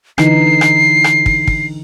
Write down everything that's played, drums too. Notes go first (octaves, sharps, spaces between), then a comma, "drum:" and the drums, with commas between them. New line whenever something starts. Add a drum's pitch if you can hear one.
D3 E3 D#4 C7, drum: rim click
drum: rim click
drum: rim click
drum: kick
drum: kick